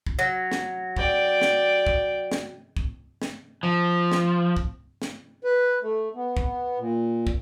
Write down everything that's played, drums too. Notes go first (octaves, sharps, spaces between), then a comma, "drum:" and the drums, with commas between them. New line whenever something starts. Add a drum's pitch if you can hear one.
drum: kick
F#3
drum: snare
D5 G5, drum: kick
drum: snare
drum: kick
drum: snare
drum: kick
drum: snare
F3
drum: snare
drum: kick
drum: snare
B4
A3
B3
drum: kick
A#2
drum: kick